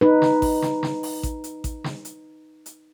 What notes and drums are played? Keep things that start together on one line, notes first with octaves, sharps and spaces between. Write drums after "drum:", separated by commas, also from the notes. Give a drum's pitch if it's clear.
D#4 B4
drum: snare
drum: kick A1, open hi-hat
drum: snare
drum: snare
drum: open hi-hat
drum: kick A1, hi-hat
drum: hi-hat
drum: kick A1, hi-hat
drum: snare
drum: hi-hat
drum: hi-hat